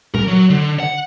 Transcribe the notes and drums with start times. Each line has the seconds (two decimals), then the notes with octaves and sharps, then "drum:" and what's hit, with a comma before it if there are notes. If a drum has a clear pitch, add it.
0.15 A#4, drum: tom
0.28 F#3
0.50 D3
0.80 F#5